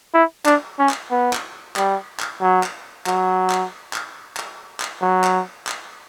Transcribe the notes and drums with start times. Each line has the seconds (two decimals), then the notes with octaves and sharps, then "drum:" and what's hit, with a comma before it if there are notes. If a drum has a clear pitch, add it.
0.14 E4
0.46 D4, drum: clap
0.79 C#4
0.89 drum: clap
1.11 B3
1.33 drum: clap
1.76 G3, drum: clap
2.20 drum: clap
2.41 F#3
2.63 drum: clap
3.06 F#3, drum: clap
3.50 drum: clap
3.93 drum: clap
4.37 drum: clap
4.80 drum: clap
5.02 F#3
5.24 drum: clap
5.67 drum: clap